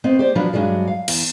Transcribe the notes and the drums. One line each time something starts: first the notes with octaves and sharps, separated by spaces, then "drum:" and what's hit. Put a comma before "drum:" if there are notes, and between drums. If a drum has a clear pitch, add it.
A3 B3 C4 D#5
G4 C5 D5
F3 F#3 D4 B4
G2 F#3 G#3 D4
F5
E2, drum: cymbal